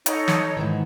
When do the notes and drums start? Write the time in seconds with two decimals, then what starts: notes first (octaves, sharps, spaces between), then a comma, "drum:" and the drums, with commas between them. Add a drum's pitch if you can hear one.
0.06 D#4 A4 C#5, drum: hi-hat
0.28 drum: snare
0.57 G#2 D#3 E3